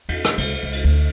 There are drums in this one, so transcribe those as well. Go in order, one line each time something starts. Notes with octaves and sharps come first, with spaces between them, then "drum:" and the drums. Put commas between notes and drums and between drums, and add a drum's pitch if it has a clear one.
E2, drum: cymbal
drum: rim click
C#2, drum: cymbal
C#2
drum: cymbal
D2